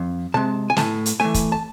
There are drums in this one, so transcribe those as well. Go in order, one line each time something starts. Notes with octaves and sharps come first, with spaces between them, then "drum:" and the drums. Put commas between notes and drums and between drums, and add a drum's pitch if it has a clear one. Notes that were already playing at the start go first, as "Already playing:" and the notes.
Already playing: F2
C3 G#3 A5
G#5
A2 A5, drum: snare
drum: hi-hat
E3 A3 G#5
drum: kick, hi-hat
A5